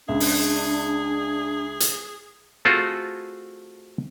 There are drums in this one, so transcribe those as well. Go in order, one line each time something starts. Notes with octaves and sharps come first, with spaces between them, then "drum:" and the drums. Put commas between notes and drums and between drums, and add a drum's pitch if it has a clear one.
C#2 D4 G#4 E5
drum: open hi-hat
drum: hi-hat
A3 C4 F4 F#4 G#4 A4